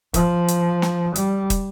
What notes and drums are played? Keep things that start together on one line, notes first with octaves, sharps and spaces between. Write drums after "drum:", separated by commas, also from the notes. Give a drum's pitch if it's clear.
F3, drum: kick, hi-hat
drum: hi-hat
drum: snare
G3, drum: hi-hat
drum: kick, hi-hat